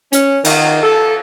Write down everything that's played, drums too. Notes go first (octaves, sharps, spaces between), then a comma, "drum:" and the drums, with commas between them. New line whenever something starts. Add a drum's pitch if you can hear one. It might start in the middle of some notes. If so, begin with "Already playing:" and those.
C#4, drum: hi-hat
D#3, drum: cymbal
A4